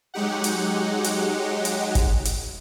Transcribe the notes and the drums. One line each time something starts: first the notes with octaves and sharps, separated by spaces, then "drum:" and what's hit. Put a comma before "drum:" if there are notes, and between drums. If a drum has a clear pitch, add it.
F#3 G#3 D#4 G4 F#5
drum: hi-hat
drum: hi-hat
drum: hi-hat
drum: kick G1, hi-hat
drum: hi-hat